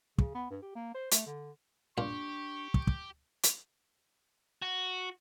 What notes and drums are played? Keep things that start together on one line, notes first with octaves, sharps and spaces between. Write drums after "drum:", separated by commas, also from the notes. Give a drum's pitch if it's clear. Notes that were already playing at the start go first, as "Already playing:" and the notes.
C#3, drum: kick
B3
G2
G4
A#3
C5
A3, drum: hi-hat
D3
A#2 D4 G4 C#6
drum: kick
drum: kick
drum: hi-hat
F#4